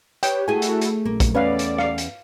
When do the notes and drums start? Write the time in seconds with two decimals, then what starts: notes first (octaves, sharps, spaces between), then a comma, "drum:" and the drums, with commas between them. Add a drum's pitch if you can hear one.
0.23 G4 B4 C#5 G5, drum: hi-hat
0.48 A3 E4 F#4 G#4 A4 G#5
0.62 drum: hi-hat
0.81 drum: hi-hat
1.05 A#1 F#2 A#3
1.20 drum: kick, hi-hat
1.35 E2 C#4 B4 D5 F5
1.59 drum: hi-hat
1.78 F5, drum: rim click
1.98 drum: hi-hat